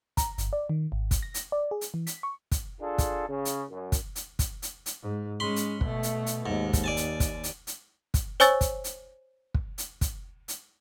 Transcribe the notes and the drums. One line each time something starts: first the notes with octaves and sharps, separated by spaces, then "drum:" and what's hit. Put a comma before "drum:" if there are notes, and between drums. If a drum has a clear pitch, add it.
A#5, drum: kick, hi-hat
G1, drum: hi-hat
D5
D#3
G#1
drum: kick, hi-hat
A#6
drum: hi-hat
D5
G#4
drum: hi-hat
E3
B6, drum: hi-hat
C#6
drum: kick, hi-hat
D4 F4 G#4 A4
drum: kick, hi-hat
C#3
drum: hi-hat
F#2
drum: kick, hi-hat
drum: hi-hat
drum: kick, hi-hat
drum: hi-hat
drum: hi-hat
G#2
G#3 C#4 B5 C6
drum: hi-hat
B2 A3, drum: kick
drum: hi-hat
drum: hi-hat
D#2 G#2
drum: kick, hi-hat
D5 G#5 A5
drum: hi-hat
drum: kick, hi-hat
drum: hi-hat
drum: hi-hat
drum: kick, hi-hat
C5 C#5 G#5 C#6 E6 A6, drum: hi-hat
drum: kick, hi-hat
drum: hi-hat
drum: kick
drum: hi-hat
drum: kick, hi-hat
drum: hi-hat